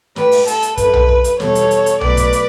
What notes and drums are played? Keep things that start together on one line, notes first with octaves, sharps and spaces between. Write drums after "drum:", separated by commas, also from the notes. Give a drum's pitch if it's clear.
A2 G3 B4, drum: snare
drum: open hi-hat
A4, drum: hi-hat
drum: hi-hat
F#2 D3 A3 B4, drum: kick, hi-hat
drum: tom B1
drum: kick
drum: hi-hat
E2 B2 G3 A4 C#5, drum: snare
drum: hi-hat
drum: hi-hat
drum: hi-hat
B2 F#3 A3 B4 D5, drum: tom B1
drum: kick, hi-hat
drum: hi-hat